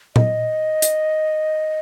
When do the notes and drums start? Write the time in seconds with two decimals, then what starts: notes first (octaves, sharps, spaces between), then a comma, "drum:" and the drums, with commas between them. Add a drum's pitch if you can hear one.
0.16 D#5, drum: tom A#2
0.82 drum: hi-hat